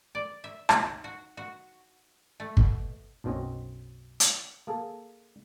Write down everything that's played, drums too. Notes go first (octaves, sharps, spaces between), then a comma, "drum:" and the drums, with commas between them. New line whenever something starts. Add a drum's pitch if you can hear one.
D5
E5
D#4, drum: rim click
F#4
F#4
A3
B2, drum: kick
B1 F#2 B2 C4 C#4 D#5
drum: hi-hat
A#3 G#4 A4